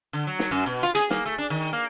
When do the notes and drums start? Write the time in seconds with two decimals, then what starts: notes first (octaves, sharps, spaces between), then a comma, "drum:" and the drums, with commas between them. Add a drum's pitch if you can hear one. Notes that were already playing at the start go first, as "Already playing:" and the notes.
0.13 D3
0.27 F#3
0.39 drum: snare
0.51 F#2
0.66 B2
0.83 F4
0.95 G#4, drum: hi-hat
1.10 A#3, drum: snare
1.26 A3
1.38 D4
1.50 D#3
1.73 A#3